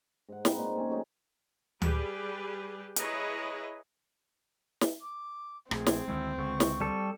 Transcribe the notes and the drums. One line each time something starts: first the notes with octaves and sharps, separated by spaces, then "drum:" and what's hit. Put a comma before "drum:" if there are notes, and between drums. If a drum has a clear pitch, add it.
G#2 F#5
C4 D#4 B4, drum: snare
A#2
C#4 G#4 A4
F#3 A3 C#4 D#4
G3 G4 G#4 B4, drum: tom D2
E4 G#4 B4 C#5 D#5 A#5, drum: hi-hat
drum: snare
D6
A#1 A3 C4 G#4, drum: rim click
drum: snare
D2 D#3 G#3 E4
C#2 D3 G#3 C#6
drum: snare
G3 A4